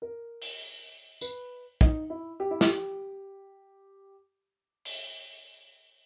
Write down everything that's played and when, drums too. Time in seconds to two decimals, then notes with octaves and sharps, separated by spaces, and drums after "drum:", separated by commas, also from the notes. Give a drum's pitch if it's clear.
0.02 A#4
0.42 drum: open hi-hat
1.21 B4, drum: tambourine
1.81 D#4, drum: kick
2.10 E4
2.40 G4
2.51 E4
2.61 G4, drum: snare
4.85 drum: open hi-hat